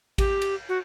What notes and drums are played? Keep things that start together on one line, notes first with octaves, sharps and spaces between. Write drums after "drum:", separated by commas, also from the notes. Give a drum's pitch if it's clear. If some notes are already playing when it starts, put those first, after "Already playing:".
G4, drum: kick A1, cymbal
drum: cymbal
F#4